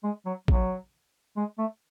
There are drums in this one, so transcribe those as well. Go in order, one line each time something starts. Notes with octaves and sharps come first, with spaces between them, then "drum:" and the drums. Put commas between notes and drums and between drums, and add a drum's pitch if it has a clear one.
G#3
F#3
F#3, drum: kick
G#3
A3